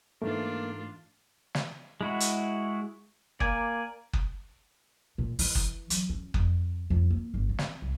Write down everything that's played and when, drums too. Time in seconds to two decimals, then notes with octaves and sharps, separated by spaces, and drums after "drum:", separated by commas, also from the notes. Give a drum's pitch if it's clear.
0.22 G#2 E3 A3 A#3 D4 F4
1.55 drum: snare
2.01 G#3 E4 F#4
2.20 drum: hi-hat
3.40 A#3 D5 G#5, drum: kick F#1
4.13 drum: kick F#1
5.18 A#2
5.39 E3, drum: open hi-hat
5.55 drum: kick F#1
5.90 F#3, drum: hi-hat
6.09 C#4
6.34 F2, drum: kick F#1
6.90 F2
7.10 A#3
7.34 G1
7.49 C4
7.58 drum: snare
7.82 C2